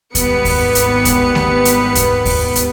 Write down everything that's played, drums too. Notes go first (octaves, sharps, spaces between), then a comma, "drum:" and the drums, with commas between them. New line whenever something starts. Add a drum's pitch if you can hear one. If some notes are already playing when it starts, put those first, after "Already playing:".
G#1 G3 B3 B4 C#7, drum: kick D#2, hi-hat
drum: kick D#2, open hi-hat
drum: hi-hat
drum: kick D#2, hi-hat
drum: snare A3
drum: hi-hat
drum: kick D#2, hi-hat
drum: kick D#2, open hi-hat
drum: hi-hat